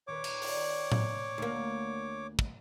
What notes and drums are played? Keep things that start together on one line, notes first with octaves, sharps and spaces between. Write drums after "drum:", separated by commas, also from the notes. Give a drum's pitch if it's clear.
D#1 B4 C#5 D6
drum: cymbal
F4 D5 G5, drum: open hi-hat
drum: tom A2
D2 A#3
drum: kick